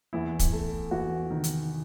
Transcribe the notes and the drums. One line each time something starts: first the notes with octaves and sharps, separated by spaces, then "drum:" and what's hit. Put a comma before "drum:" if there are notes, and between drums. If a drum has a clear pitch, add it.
E2 E4
drum: kick, hi-hat
A3
E2 F#4
D#3
drum: hi-hat